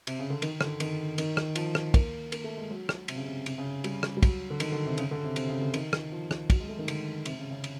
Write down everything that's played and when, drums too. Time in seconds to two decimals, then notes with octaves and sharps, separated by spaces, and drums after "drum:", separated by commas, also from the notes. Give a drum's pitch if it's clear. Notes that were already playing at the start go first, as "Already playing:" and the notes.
0.07 C3, drum: cymbal
0.19 C#3
0.30 D3
0.42 D#3, drum: cymbal
0.61 D3, drum: rim click
0.80 D#3, drum: cymbal
1.18 D#3, drum: cymbal
1.37 drum: rim click
1.55 F3, drum: cymbal
1.75 drum: rim click
1.94 A#3, drum: kick, cymbal
2.32 A#3, drum: cymbal
2.44 A3
2.57 G#3
2.71 F#3
2.89 drum: rim click
3.08 C3, drum: cymbal
3.16 C#3
3.26 C3
3.46 C3, drum: cymbal
3.58 C#3
3.84 G3, drum: cymbal
4.03 drum: rim click
4.17 G3
4.23 F#3, drum: kick, cymbal
4.50 D3
4.60 D#3, drum: cymbal
4.72 D3
4.86 C3
4.98 C#3, drum: cymbal
5.11 D3
5.24 C3
5.36 C3, drum: cymbal
5.49 C#3
5.62 D3
5.74 D#3, drum: cymbal
5.93 drum: rim click
6.12 F3
6.31 drum: rim click
6.50 F#3, drum: kick, cymbal
6.60 G#3
6.69 A3
6.78 D#3
6.88 D3, drum: cymbal
7.26 C3, drum: cymbal
7.39 C#3
7.51 C#3
7.64 drum: cymbal